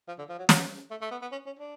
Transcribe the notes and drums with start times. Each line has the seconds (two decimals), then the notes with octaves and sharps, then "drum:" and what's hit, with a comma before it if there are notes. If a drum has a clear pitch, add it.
0.08 F3
0.18 D3
0.29 F3
0.38 F#3
0.49 F#3, drum: snare
0.90 A3
1.01 A3
1.11 B3
1.22 B3
1.32 C#4
1.46 C#4
1.59 D4